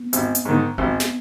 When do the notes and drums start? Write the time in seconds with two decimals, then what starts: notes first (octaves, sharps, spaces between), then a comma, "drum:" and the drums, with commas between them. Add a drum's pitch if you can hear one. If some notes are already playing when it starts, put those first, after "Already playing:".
Already playing: B3
0.13 G#1, drum: hi-hat
0.35 drum: hi-hat
0.45 G#2 D#3
0.78 G#1 B3
1.00 drum: snare